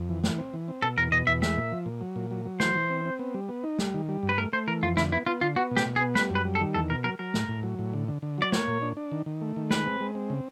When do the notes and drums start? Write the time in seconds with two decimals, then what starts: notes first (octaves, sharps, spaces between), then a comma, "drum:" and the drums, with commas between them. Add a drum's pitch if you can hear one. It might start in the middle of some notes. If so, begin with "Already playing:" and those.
Already playing: F2
0.09 E3
0.24 E3, drum: snare
0.38 C4
0.54 E3
0.68 C4
0.82 B2 A4
0.97 E2 A#4
1.12 B2 D#5
1.27 E2 E5
1.42 G#3 E5, drum: snare
1.56 A#2
1.72 F3
1.86 A#2
2.01 F#3
2.16 A#2
2.31 F#3
2.45 F#3
2.60 E3 C5, drum: snare
2.75 E3
2.90 C4
3.05 C4
3.19 B3
3.34 G3
3.49 B3
3.64 D#4
3.79 G3, drum: snare
3.94 D#3
4.09 G3
4.23 G2
4.29 B4
4.38 A3 A#4
4.53 A3 C5
4.67 E3 A#4
4.82 F2 F4
4.97 D3 E4, drum: snare
5.12 B3 E4
5.26 B3 F4
5.41 D3 F4
5.56 B3 F#4
5.71 B2
5.77 G4, drum: snare
5.86 B2
5.96 G#4
6.01 B3
6.15 G3 B4, drum: snare
6.30 F#2
6.35 B4
6.45 G3
6.55 A4
6.60 D#3
6.74 E2 A4
6.90 B2 A#4
7.04 F#3 A#4
7.19 F#3 A#4
7.34 A2, drum: snare
7.49 A2
7.63 F#3
7.79 A2
7.93 D3
8.08 D3
8.22 D3
8.38 F#3 D5
8.52 A#3 C#5, drum: snare
8.67 A#2
8.82 D4
8.97 D4
9.11 D#3
9.26 D#3
9.42 A3
9.56 D#3
9.70 G#3 B4, drum: snare
9.86 C4
10.01 G#3
10.15 C4
10.30 C#3